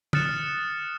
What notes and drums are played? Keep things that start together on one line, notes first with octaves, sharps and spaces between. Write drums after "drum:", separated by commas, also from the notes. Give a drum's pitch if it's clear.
D#6 F6 F#6 A6 C#7 E7, drum: tom